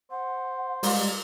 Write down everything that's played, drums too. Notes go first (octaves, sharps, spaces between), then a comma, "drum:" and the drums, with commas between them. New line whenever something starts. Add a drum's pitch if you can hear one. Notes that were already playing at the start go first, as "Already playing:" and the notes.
C5 F#5
G3 G#3 A#3 F4, drum: open hi-hat